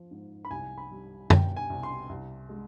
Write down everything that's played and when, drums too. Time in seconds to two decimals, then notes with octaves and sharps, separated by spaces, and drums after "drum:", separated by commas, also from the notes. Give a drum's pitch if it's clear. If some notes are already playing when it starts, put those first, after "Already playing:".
Already playing: F3
0.11 G#2
0.45 B5
0.51 C2 G#5
0.78 B5
0.91 G3
1.30 B2 G5, drum: tom F#2
1.56 G#5
1.70 C2
1.83 C6
2.09 C2
2.49 G#3